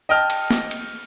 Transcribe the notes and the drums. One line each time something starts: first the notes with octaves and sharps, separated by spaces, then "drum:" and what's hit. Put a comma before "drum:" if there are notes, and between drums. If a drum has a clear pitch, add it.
D#5 G5 A5 F6
drum: cymbal
drum: snare
drum: cymbal